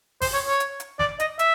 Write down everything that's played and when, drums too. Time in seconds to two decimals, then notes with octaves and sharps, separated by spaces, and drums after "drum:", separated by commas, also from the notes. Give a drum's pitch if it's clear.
0.21 C5, drum: kick G#1, open hi-hat
0.33 C#5
0.47 C#5
0.60 drum: hi-hat
0.80 drum: hi-hat
0.99 D5, drum: snare
1.20 D#5, drum: hi-hat
1.39 E5, drum: hi-hat